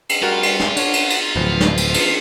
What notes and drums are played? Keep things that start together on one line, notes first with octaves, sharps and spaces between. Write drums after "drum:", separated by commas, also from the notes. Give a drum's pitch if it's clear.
drum: cymbal
G3 F4 F#4 A#4 F#5
drum: cymbal
drum: snare
D4 C#5 F#5, drum: cymbal
drum: cymbal
drum: cymbal
D1 G1 E2 F3 B4
drum: snare
drum: cymbal
drum: cymbal